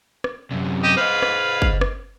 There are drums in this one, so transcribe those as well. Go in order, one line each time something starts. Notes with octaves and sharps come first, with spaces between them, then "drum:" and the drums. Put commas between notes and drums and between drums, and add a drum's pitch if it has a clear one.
drum: rim click
F#2 C3
G4 D#5
B4 C5 D#5 F5
drum: rim click
drum: kick
drum: rim click